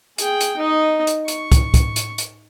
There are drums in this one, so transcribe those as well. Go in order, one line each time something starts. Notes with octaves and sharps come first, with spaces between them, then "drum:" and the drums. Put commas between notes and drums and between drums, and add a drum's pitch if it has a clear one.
G#4 G5, drum: hi-hat
drum: hi-hat
D#4 D#5
drum: hi-hat
C#6, drum: hi-hat
drum: kick, hi-hat
drum: kick, hi-hat
drum: hi-hat
drum: hi-hat